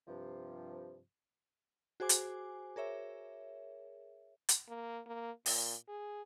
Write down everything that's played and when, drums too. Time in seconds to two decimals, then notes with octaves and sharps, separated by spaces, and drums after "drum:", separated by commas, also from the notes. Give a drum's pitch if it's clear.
0.07 G2 C3 F3
2.00 F#4 G#4 C5 G#5 D6
2.09 drum: hi-hat
2.76 G#4 A#4 C#5 E5
4.49 drum: hi-hat
4.69 A#3
5.07 A#3
5.46 A#2, drum: open hi-hat
5.88 G#4